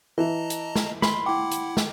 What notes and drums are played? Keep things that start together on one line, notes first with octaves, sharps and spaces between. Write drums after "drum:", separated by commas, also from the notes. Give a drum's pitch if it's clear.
E3 D#5 A5 A#5
drum: hi-hat
drum: snare
B5 C6, drum: snare
E4 F#5 G5 D6
drum: hi-hat
drum: snare